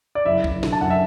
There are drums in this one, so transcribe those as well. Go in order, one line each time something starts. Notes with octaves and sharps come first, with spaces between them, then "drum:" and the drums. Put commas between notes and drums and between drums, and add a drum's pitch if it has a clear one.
D5
F#1 E4 E5
F#1, drum: kick A1
D3, drum: snare
A5
F#2 F#5
E5